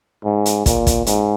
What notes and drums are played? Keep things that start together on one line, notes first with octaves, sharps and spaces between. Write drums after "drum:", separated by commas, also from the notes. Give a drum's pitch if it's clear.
G#2
drum: hi-hat
A#2, drum: kick, hi-hat
drum: kick, hi-hat
G#2, drum: hi-hat